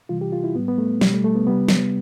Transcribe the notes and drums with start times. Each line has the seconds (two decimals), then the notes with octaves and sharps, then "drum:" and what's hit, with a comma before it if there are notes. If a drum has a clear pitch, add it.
0.09 C3 E3 G3 F4
0.21 G4
0.33 F4
0.44 E4
0.55 A2 G3 B3
0.68 B3
0.78 A3
1.01 B2 G3, drum: snare
1.13 A3
1.24 A3
1.36 B3
1.47 C3 G3 B3
1.69 drum: snare